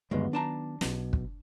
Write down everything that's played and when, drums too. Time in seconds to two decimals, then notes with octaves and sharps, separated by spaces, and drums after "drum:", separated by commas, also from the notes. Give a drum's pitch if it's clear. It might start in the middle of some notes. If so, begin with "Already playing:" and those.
0.11 D2 G2 D#3 F#3 G#3 B3
0.33 D4 A5 A#5
0.81 B1 B2, drum: snare
1.13 drum: kick